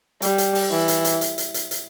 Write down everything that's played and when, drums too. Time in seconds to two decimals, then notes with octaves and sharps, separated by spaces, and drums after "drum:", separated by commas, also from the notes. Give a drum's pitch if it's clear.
0.22 G3, drum: hi-hat
0.38 drum: hi-hat
0.55 drum: open hi-hat
0.71 E3
0.88 drum: hi-hat
1.05 drum: hi-hat
1.21 drum: hi-hat
1.38 drum: hi-hat
1.54 drum: hi-hat
1.71 drum: hi-hat